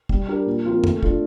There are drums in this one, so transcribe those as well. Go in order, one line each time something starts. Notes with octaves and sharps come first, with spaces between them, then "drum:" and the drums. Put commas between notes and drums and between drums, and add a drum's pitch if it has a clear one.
G3, drum: kick
D4 G4 A#4
A#2
F3 C4 F4 A#4
A3, drum: tom F#2
D4 F4 A4, drum: kick